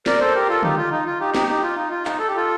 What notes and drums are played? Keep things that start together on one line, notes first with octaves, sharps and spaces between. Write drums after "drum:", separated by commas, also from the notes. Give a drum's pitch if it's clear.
A#4 D5, drum: snare
A4 C5
G4 A#4
F4 A4
D#4 G4, drum: tom
F4
D#4
F4
D#4 G4
D#4 G4, drum: snare
D#4 G4
F4
D#4
F4
D#4, drum: clap
A4
G4
F4 A4